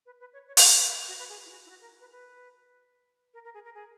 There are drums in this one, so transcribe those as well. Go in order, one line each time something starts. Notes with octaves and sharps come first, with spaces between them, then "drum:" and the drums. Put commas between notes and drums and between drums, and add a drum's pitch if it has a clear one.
B4
B4
C#5
C#5
B4, drum: open hi-hat
A#4
B4
B4
F#4
B4
G#4
E4
F#4
E4
F#4
A#4
B4
B4
A#4
A#4
G#4
A#4
G#4